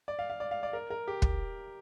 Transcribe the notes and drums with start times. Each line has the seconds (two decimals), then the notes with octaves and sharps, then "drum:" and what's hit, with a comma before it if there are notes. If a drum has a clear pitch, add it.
0.08 D5
0.19 F5
0.30 F5
0.40 D5
0.51 F5
0.63 D5
0.73 A#4
0.90 A#4
1.08 G4
1.22 drum: kick